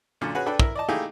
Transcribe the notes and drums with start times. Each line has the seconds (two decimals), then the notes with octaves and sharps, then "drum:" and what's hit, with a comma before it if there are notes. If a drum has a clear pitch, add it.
0.21 F#2 A#2 D3
0.35 C#4 F#4 G#4 B4
0.46 D4 A4 B4 D5 G5
0.60 E4 A#4, drum: kick
0.75 D5 D#5 A5
0.89 A3 A#3 D#4 E4 G4 G#4